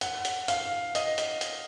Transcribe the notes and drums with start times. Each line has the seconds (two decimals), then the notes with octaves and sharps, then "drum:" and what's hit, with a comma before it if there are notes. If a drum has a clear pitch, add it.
0.01 F#5, drum: hi-hat
0.25 drum: hi-hat
0.48 F5, drum: hi-hat
0.95 D#5, drum: hi-hat
1.18 drum: hi-hat
1.41 drum: hi-hat